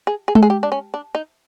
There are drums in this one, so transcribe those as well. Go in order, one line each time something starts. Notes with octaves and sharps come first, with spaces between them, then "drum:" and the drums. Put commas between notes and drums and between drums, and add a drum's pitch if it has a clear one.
G#4
G#4
A4, drum: tom G#3
G#4
G4
D4
C#4
D4
D#4